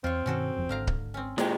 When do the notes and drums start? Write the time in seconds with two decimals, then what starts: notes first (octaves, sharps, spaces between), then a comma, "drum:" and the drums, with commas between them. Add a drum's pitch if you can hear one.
0.04 E2 C4 F4 C#5
0.26 G2 B2 D#3 C#4 F#4 A4
0.56 F#1 F2
0.69 G#1 D3 F5 A#5
0.87 drum: kick C#1
1.14 C4 C#4
1.38 A#2 G#3 D4 G4 C5, drum: snare